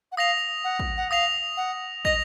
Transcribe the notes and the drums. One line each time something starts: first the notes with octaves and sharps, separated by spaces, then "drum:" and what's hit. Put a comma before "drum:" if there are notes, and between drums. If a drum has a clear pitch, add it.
F#5
F5 D#6 A#6 F7
F#5
drum: kick
F#5
F5 D#6 A#6 F7
F#5
D#5 D#6 A#6 F7, drum: kick